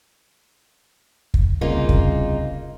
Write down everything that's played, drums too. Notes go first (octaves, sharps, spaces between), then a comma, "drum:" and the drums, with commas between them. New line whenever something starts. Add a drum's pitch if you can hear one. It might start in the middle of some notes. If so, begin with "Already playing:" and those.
drum: kick
C2 C#3 A#3 D#4 F4
drum: kick